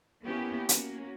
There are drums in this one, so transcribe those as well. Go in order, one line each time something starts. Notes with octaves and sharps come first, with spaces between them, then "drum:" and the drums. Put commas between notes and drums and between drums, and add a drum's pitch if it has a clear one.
A#3 B3 C#4 E4 G4
A#3 C#4 F#4, drum: hi-hat